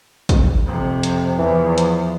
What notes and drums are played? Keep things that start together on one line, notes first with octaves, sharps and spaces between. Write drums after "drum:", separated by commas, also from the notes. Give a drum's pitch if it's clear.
drum: kick, hi-hat
F2 C3
drum: hi-hat
E2 E3 F3
drum: hi-hat